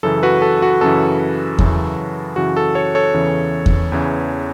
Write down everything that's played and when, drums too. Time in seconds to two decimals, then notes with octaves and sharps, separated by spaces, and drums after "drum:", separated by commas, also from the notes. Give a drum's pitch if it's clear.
0.03 F#2 C#3 E3 A4
0.23 F#4 B4
0.42 A4
0.62 F#4
0.81 F#2 C#3 E3 A4
1.59 F#2 C#3 E3, drum: kick E2
2.36 F#2 C#3 E3 F#4
2.57 A4
2.75 A4 C#5
2.95 A4 C#5
3.14 E2 C#3 E3
3.66 drum: kick E2
3.92 E2 C#3 E3